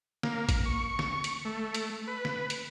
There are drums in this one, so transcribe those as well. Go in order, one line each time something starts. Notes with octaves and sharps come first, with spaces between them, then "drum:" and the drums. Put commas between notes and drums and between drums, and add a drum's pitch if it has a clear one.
A#3, drum: snare
drum: kick G#1, hi-hat
C#6
drum: snare
drum: hi-hat
A3
drum: hi-hat
B4
drum: snare
drum: hi-hat